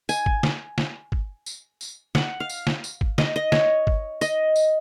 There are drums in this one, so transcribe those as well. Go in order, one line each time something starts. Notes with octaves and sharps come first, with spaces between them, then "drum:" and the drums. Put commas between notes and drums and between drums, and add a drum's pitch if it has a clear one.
G#5, drum: tambourine
drum: kick
drum: snare
drum: snare
drum: kick
drum: tambourine
drum: tambourine
F#5, drum: snare
F5
drum: tambourine
drum: snare
drum: tambourine
drum: kick
D#5, drum: snare
D#5
C#5, drum: snare
drum: kick
D#5, drum: tambourine
drum: tambourine